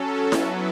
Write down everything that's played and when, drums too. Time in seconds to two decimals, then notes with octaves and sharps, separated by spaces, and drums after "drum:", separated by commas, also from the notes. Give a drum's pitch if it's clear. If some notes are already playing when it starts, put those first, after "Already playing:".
Already playing: F#3 C#4 A4
0.32 F#3 B3 E4 B4, drum: snare E4